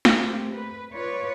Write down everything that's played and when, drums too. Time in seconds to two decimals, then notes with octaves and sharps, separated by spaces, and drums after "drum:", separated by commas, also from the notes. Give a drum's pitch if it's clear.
0.05 drum: snare
0.22 A3 A#3 C4 G4
0.54 B4
0.92 F4 B4 C#5 D5